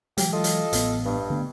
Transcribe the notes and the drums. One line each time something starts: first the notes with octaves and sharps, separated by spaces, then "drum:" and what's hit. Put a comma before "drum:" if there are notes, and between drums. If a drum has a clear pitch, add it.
E3 F#3 G#3 G4, drum: hi-hat
F4 A4 D#5
drum: hi-hat
A1 B3, drum: hi-hat
G2
D3 A3 B3